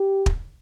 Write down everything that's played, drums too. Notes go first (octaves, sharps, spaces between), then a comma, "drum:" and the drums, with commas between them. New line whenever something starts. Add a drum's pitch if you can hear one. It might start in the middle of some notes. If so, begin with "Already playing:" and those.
Already playing: G4
drum: kick